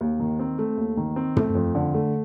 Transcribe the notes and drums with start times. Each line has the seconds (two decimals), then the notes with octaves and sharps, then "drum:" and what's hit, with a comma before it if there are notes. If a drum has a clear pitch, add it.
0.01 D#2
0.20 D#3
0.39 C4
0.59 A3
0.78 D#2
0.97 D#3
1.16 C4
1.36 A3, drum: tom
1.55 F2
1.75 D3
1.94 A3